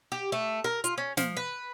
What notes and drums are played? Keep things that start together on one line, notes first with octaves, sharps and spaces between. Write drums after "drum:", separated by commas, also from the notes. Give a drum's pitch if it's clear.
G4
A3
A#4
F4, drum: hi-hat
C#4
F3, drum: snare
B4